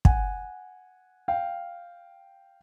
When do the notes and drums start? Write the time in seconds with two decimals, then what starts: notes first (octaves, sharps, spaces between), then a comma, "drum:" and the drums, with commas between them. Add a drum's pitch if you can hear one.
0.05 F#5 G#5, drum: kick
1.28 F5 G5